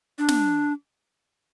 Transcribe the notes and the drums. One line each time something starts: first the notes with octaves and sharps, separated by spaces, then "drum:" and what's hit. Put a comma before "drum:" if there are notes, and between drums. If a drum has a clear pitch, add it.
D4
drum: snare